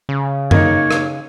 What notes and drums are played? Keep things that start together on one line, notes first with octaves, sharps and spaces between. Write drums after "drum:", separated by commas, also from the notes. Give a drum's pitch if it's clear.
C#3
A#3 D#4 C#5, drum: tom F#2
drum: rim click